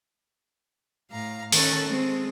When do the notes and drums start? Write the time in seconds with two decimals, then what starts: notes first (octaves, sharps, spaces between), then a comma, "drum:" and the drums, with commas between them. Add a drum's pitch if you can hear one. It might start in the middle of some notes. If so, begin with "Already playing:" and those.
1.10 A2 F5 A#5
1.52 D#3 C#4 A4 C#6 F#6, drum: open hi-hat
1.89 G#3 C4